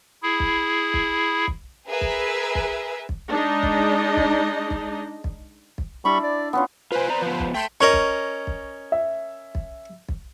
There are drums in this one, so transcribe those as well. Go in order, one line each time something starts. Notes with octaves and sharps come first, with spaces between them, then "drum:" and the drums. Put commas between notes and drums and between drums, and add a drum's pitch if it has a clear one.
E4 G#4
drum: kick
drum: kick
drum: kick
G#4 A#4 B4 E5
drum: kick
drum: kick
drum: kick
G#3 D4 D#4 D#5
drum: kick
drum: kick
drum: kick
drum: kick
drum: kick
G3 D4 E4 B5 C#6
D5
B3 C#4 F4
F4 B4 C5 G#5
D5 A#5
F3 B3
drum: kick
A3 G5 C6 G6
C#4 A#4 D#5 C#6
drum: kick
drum: kick
E5
drum: kick
drum: kick